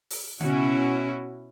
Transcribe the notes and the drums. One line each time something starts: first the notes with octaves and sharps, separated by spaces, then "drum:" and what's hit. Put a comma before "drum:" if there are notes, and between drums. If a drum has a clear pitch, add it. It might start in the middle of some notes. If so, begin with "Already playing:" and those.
drum: open hi-hat
B2 C#4 E4 F#4, drum: tom C#3